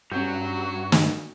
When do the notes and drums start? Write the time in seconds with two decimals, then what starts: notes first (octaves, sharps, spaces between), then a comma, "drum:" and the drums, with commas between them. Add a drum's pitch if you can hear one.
0.12 G2 F#3 C#4 F#4 G6
0.92 drum: snare